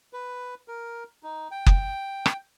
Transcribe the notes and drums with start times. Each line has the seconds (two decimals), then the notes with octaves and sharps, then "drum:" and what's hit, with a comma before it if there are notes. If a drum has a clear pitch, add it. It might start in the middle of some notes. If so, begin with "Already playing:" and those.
0.13 B4
0.68 A#4
1.23 D#4
1.51 G5
1.66 drum: kick F#1
2.26 drum: rim click